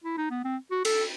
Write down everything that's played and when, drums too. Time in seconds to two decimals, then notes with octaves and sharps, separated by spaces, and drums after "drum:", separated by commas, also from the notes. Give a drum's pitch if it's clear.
0.04 E4
0.17 D#4
0.31 B3
0.44 C4
0.71 F#4
0.85 A4, drum: cymbal